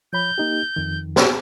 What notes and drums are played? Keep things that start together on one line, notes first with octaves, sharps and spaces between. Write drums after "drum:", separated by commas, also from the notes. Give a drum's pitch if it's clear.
F3 C#5 B5 G6
A#3 D#4 G4
F2 D#3
G4 G#4, drum: snare